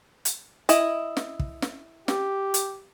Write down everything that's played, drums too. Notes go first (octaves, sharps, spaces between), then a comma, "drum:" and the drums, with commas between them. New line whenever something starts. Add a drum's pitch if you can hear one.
drum: hi-hat
E4 D#5, drum: hi-hat
drum: snare
drum: kick
drum: snare
G4, drum: snare
drum: hi-hat